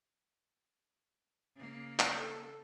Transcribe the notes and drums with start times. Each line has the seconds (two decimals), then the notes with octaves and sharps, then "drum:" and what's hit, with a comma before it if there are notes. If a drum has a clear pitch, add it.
1.56 C#3 A#3
1.99 drum: clap
2.18 A4